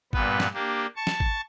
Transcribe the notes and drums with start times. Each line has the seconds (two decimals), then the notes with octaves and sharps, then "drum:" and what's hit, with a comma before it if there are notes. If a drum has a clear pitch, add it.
0.13 G2 A#2 B3 B4, drum: kick G#1
0.40 drum: snare
0.54 A#3 D4 G4
0.96 A5 C#6
1.07 drum: snare
1.20 drum: kick G#1